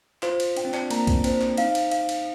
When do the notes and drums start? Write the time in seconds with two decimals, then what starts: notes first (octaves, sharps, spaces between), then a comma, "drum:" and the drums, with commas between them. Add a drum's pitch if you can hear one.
0.23 F4 C5, drum: clap
0.40 drum: cymbal
0.57 D4 G5, drum: cymbal
0.65 C4
0.74 D4, drum: clap
0.91 A#3 A#5, drum: cymbal
1.07 drum: kick B1, cymbal
1.24 C4 C5, drum: cymbal
1.41 drum: clap
1.57 D#4 F5, drum: cymbal
1.75 drum: cymbal
1.91 F5, drum: cymbal
2.09 drum: cymbal